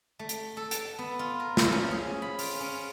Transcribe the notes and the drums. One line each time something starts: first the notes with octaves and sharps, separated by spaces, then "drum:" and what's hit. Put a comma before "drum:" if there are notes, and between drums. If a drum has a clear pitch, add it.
A3
drum: hi-hat
A4
A5, drum: hi-hat
B3
F4
A#4
F3, drum: snare
C#4
G#4
B5
F4, drum: open hi-hat
C#4